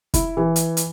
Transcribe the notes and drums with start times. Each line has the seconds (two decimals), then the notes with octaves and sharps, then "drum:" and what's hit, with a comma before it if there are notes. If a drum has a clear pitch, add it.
0.14 E4, drum: kick, hi-hat
0.37 E3
0.56 drum: hi-hat
0.77 drum: hi-hat